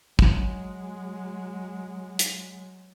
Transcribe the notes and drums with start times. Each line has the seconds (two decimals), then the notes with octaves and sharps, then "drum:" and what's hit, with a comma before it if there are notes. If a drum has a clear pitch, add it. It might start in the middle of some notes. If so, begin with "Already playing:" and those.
0.19 F#3 G#3, drum: kick
2.19 drum: hi-hat